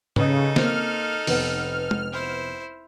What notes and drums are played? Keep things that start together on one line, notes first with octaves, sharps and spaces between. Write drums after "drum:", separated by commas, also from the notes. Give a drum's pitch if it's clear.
C#3 D#4 A4 B4 D#5, drum: tom G#2
A#3 C4 F6, drum: snare
F1 B3, drum: open hi-hat
drum: tom G#3
E4 C5